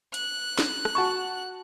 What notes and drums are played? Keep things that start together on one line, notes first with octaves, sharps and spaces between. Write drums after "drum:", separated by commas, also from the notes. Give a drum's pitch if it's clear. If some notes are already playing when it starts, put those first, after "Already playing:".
F#6, drum: hi-hat
drum: snare
drum: rim click
F#4 A5 C#6